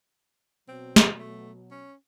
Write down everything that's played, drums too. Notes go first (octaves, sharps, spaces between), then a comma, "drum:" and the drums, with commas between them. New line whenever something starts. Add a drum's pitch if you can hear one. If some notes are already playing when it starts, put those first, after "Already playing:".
B2 F#3 C4
drum: snare
A3
C#4